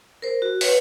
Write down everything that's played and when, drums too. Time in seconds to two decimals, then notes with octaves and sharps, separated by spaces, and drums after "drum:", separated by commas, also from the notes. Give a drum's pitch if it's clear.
0.22 A#4 C5
0.42 F#4
0.61 B4 C#5, drum: open hi-hat